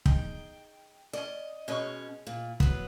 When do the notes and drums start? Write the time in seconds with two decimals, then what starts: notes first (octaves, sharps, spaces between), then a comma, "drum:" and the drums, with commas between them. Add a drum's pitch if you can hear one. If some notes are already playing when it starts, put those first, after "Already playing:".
0.06 D#4 G#4 G5, drum: kick
1.13 C#4 D5 D#5
1.68 B2 G#3 C#4 D#5 C#6
2.27 A#2
2.60 F#3 B3, drum: kick